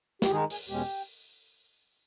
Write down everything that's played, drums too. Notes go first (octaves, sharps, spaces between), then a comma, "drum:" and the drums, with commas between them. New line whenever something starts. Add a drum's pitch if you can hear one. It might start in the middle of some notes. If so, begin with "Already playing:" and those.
G4, drum: snare
D#3 G#3 D#4 G#4
G#4, drum: open hi-hat
E2 B2 G#3 C#4 G4